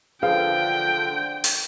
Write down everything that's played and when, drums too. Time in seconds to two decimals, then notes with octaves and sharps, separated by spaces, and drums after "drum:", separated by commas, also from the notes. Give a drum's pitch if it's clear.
0.23 D3 F3 G#4 B4 F5 G5
1.44 drum: open hi-hat